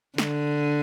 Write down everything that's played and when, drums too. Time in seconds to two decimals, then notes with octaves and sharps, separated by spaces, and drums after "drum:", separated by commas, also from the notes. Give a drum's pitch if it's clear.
0.18 D3, drum: snare